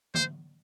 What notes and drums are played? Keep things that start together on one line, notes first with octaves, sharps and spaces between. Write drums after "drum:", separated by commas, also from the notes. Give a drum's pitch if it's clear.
C5, drum: tom D3